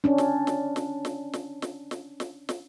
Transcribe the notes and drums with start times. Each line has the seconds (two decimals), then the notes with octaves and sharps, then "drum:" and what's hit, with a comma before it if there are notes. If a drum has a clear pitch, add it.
0.04 C#4 D4
0.18 drum: snare
0.47 drum: snare
0.76 drum: snare
1.05 drum: snare
1.33 drum: snare
1.62 drum: snare
1.91 drum: snare
2.20 drum: snare
2.49 drum: snare